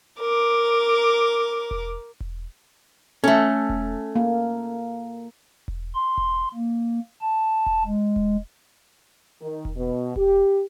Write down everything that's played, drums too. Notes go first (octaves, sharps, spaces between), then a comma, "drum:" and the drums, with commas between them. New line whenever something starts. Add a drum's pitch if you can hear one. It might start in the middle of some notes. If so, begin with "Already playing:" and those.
A#4 D6
drum: kick E1
drum: kick E1
A3 C#4 A4
drum: kick E1
A#3
drum: kick E1
C6
drum: kick E1
A#3
A5
drum: kick E1
G#3
drum: kick E1
D#3
drum: kick E1
B2
G4, drum: kick E1